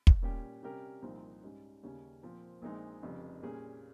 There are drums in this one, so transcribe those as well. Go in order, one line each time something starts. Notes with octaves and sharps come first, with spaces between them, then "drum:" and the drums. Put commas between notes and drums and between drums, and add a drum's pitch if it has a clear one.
drum: kick
A#2 G3 C#4 G4
C3 G3 C#4 G4 A#4
C2 A#2 F3 C4 D#4
G#2 G3 C#4
D#2 C#3 G3 C#4
A#2 F3 C4
A#1 A#2 G#3 C4 D#4
F1 F2 C#3 G3
A#2 G3 A#3 C#4 G#4